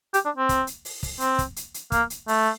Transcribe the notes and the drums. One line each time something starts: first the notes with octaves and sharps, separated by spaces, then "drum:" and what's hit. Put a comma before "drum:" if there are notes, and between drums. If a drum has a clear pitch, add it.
G4, drum: hi-hat
D4
C4
drum: kick, hi-hat
drum: hi-hat
drum: open hi-hat
drum: kick, open hi-hat
C4, drum: hi-hat
drum: kick, hi-hat
drum: hi-hat
drum: hi-hat
A#3, drum: kick, hi-hat
drum: hi-hat
A3, drum: open hi-hat